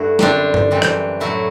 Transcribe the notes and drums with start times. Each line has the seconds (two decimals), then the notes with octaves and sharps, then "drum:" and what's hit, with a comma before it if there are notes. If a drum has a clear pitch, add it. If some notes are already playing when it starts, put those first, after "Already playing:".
Already playing: G2 A3 E4 F#4
0.19 F#2 D3 G3 C4 D4, drum: snare
0.54 drum: tom G2
0.71 F#2 E3 G3 C4
0.82 drum: rim click
1.20 A2 F#3 A3 E4